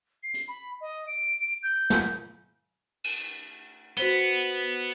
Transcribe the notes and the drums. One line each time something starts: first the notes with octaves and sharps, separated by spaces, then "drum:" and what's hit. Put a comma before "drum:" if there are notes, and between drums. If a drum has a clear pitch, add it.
C7
drum: hi-hat
B5
D#5
D7
G6
drum: snare
drum: cymbal
B3 F#4 C5 G7, drum: hi-hat